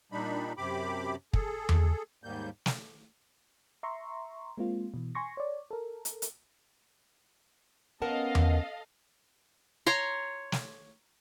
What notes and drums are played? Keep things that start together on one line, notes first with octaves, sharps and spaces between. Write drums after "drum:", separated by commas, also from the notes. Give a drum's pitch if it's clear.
A#2 G3 D4 D#4 B5
F#2 C3 G4 B5 D6
G#4 A4, drum: kick
drum: tom E2
D#2 G#2 G3 A#3 G6
drum: snare
E5 A#5 C6 C#6
G#3 A#3 C4 F4
B2 E3
G#5 C6 C#6 A#6
C#5 D5
A4 A#4
drum: hi-hat
drum: hi-hat
B3 C#4 A4 A#4 D#5 F5 F#5 A5
drum: tom E2
C#5 A#5 C6
drum: snare